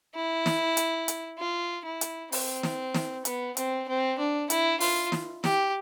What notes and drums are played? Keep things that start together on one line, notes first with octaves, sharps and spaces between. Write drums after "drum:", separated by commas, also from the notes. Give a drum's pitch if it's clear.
E4
drum: snare
drum: hi-hat
drum: hi-hat
F4
E4
drum: hi-hat
C4, drum: open hi-hat
drum: snare
drum: snare
B3, drum: hi-hat
C4, drum: hi-hat
C4
D4
E4, drum: hi-hat
F4, drum: open hi-hat
drum: snare
G4, drum: snare